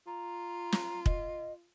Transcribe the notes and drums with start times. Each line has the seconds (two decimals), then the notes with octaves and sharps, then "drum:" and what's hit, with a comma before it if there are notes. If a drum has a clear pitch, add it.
0.07 F4 A#5
0.72 drum: snare
1.06 D#5, drum: kick